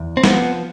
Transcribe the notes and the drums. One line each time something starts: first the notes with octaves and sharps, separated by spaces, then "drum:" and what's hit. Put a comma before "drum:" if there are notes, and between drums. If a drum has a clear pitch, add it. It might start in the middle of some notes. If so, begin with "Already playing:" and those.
Already playing: E2
C4
F3 B3, drum: snare